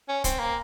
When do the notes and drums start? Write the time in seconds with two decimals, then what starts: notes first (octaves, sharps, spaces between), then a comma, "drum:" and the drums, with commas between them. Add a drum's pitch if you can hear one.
0.09 C#4
0.24 C4, drum: kick, hi-hat
0.39 A#3